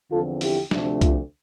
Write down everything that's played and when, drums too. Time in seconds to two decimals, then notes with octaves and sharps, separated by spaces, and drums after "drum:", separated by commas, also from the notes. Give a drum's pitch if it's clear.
0.11 E2 D3 F3 C4 F4 A4
0.41 E4 G4, drum: open hi-hat
0.71 D2 C3 F3 A3 D4, drum: snare
1.01 F4, drum: kick, hi-hat